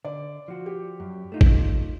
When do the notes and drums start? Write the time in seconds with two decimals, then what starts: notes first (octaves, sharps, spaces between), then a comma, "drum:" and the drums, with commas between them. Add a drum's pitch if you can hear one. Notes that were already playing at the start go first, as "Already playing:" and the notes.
0.05 D3 D5
0.48 F3 F#4
0.66 G4
1.00 F#2
1.32 A3 D#4 F4
1.41 drum: kick